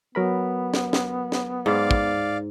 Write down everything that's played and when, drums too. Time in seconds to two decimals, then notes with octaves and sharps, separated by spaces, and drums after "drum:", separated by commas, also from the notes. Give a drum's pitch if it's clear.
0.15 F#3 B3 A#4 B5
0.74 drum: snare
0.93 drum: snare
1.32 drum: snare
1.66 G#2 D5 F5
1.91 drum: kick